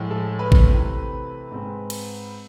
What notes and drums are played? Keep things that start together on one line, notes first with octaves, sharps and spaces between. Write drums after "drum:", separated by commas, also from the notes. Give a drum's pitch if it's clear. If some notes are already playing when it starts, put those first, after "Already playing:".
Already playing: A2 F3 G#3
A4
B4
drum: kick A1
C3 E3 A3 C4
G#2 G#3 C4
drum: cymbal